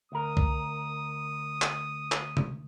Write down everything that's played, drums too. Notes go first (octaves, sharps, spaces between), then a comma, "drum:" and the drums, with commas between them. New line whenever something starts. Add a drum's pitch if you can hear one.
D2 A#4 D#6
drum: kick
drum: clap
drum: clap
drum: tom C3